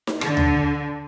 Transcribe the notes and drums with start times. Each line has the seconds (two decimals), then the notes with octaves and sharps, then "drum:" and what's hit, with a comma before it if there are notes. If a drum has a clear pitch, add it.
0.07 drum: snare
0.21 D3, drum: rim click
0.37 drum: tom D2